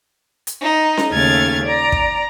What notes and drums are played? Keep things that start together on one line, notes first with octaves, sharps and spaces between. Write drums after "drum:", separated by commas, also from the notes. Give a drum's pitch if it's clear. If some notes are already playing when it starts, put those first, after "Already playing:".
drum: hi-hat
D#4
drum: snare C#4
D#2 C#3 A3 F6 G#6 A6
D5 A#5
drum: kick